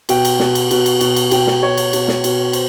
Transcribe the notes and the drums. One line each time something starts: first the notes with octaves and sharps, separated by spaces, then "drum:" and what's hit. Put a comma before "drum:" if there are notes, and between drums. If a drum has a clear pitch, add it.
B2 G5, drum: cymbal
drum: cymbal
B2, drum: snare
drum: cymbal
B2, drum: cymbal
drum: cymbal
B2, drum: cymbal
drum: cymbal
B2 G5, drum: cymbal
drum: snare
B2 C#5
drum: cymbal
B2, drum: cymbal
drum: snare
B2, drum: cymbal
C5, drum: cymbal